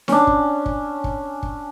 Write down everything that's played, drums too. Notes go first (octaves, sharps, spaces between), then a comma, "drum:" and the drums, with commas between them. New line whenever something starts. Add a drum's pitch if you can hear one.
C#4 D4, drum: snare D#4
drum: kick
drum: kick
drum: kick
drum: kick